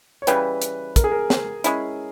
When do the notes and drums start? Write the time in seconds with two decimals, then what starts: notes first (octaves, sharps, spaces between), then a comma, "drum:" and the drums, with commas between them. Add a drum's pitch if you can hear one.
0.22 C#5
0.27 C#3 E3 G3 B4, drum: hi-hat
0.62 drum: hi-hat
0.96 A#4, drum: kick, hi-hat
1.04 G#4
1.12 A#4
1.30 drum: snare
1.64 G#3 C#4 E4, drum: hi-hat